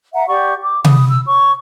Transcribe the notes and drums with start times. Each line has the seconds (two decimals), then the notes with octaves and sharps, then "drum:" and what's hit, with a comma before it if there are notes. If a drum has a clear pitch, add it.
0.13 E5 F#5 A#5
0.27 G4 D5 F#5 C#6
0.61 D6
0.85 B5 D#6, drum: tom C3
1.09 E6
1.27 C#5 C#6